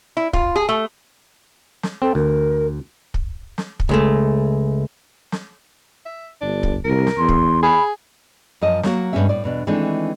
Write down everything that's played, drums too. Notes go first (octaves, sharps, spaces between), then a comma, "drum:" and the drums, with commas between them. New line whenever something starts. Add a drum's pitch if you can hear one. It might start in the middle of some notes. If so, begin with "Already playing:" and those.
E4
F4, drum: kick
G#4
A3
drum: snare
C4 A4
D2 A#4
drum: kick
drum: snare
drum: kick
C#2 G#3 A3
drum: snare
E5
G1 D4
drum: kick
C2 A#4
drum: snare
E2 C6
drum: kick
G#4 B5
F#2 F3 D#5 A5
F#3 A#3 F#4, drum: snare
G2 B2 G#3 C#4 E5
A2 D5
E2 B2 D4
D#3 E3 G#3 A3 C4 D4